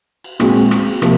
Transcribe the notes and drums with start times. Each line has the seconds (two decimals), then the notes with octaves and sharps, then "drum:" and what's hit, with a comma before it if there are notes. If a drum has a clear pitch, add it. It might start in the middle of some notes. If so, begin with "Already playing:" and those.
0.24 drum: cymbal
0.40 A#2 G#3 C4 F#4, drum: rim click
0.55 drum: cymbal
0.71 drum: rim click
0.87 drum: cymbal
1.02 C3 F3 A#3, drum: rim click